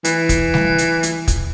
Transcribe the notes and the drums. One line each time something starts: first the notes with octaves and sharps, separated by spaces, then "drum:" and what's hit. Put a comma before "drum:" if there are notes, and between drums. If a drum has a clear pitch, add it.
E3, drum: hi-hat
drum: kick, hi-hat
drum: snare
drum: hi-hat
drum: hi-hat
drum: kick, hi-hat